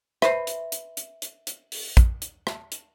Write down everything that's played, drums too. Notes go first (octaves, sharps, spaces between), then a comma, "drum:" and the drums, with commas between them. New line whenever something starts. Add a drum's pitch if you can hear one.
B4 C5 E5, drum: rim click
drum: hi-hat
drum: hi-hat
drum: hi-hat
drum: hi-hat
drum: hi-hat
drum: open hi-hat
drum: kick, hi-hat
drum: hi-hat
drum: rim click
drum: hi-hat